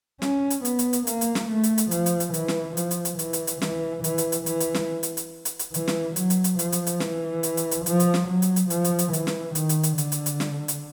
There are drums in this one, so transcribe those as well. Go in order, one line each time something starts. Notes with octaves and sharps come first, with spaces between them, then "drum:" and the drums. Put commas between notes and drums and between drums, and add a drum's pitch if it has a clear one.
C#4, drum: snare
drum: hi-hat
B3, drum: hi-hat
drum: hi-hat
drum: hi-hat
A#3, drum: hi-hat
drum: hi-hat
drum: snare
A3
drum: hi-hat
drum: hi-hat
F3, drum: hi-hat
drum: hi-hat
drum: hi-hat
E3, drum: hi-hat
drum: snare
F3, drum: hi-hat
drum: hi-hat
drum: hi-hat
E3, drum: hi-hat
drum: hi-hat
drum: hi-hat
E3, drum: snare
E3, drum: hi-hat
drum: hi-hat
drum: hi-hat
E3, drum: hi-hat
drum: hi-hat
drum: snare
drum: hi-hat
drum: hi-hat
drum: hi-hat
drum: hi-hat
E3, drum: hi-hat
drum: snare
F#3, drum: hi-hat
drum: hi-hat
drum: hi-hat
F3, drum: hi-hat
drum: hi-hat
drum: hi-hat
E3, drum: snare
drum: hi-hat
drum: hi-hat
drum: hi-hat
F3, drum: hi-hat
drum: hi-hat
drum: snare
F#3
drum: hi-hat
drum: hi-hat
F3, drum: hi-hat
drum: hi-hat
drum: hi-hat
E3, drum: hi-hat
drum: snare
D#3, drum: hi-hat
drum: hi-hat
drum: hi-hat
D3, drum: hi-hat
drum: hi-hat
drum: hi-hat
drum: snare
drum: hi-hat